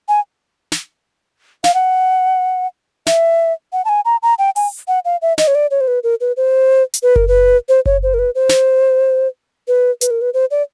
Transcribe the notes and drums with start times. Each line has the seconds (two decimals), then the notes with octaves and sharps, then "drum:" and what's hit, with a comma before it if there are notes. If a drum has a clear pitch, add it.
0.08 G#5
0.72 drum: snare
1.64 F5, drum: snare
1.74 F#5
3.06 E5, drum: snare
3.73 F#5
3.85 A5
3.89 G#5
4.05 A#5
4.23 A#5
4.39 G5
4.56 G#5, drum: open hi-hat
4.88 F#5
5.05 F5
5.22 E5
5.38 D#5, drum: snare
5.47 C#5
5.55 D5
5.71 C#5
5.81 C5
5.88 B4
6.03 A#4
6.21 B4
6.37 C5
6.94 drum: hi-hat
7.03 B4
7.16 A#4, drum: kick F#1
7.28 B4
7.69 C5
7.86 C#5, drum: kick F#1
8.03 C5
8.14 A#4
8.19 B4
8.35 C5
8.49 drum: snare
9.68 B4
10.01 B4, drum: hi-hat
10.10 A#4
10.21 B4
10.34 C5
10.51 D5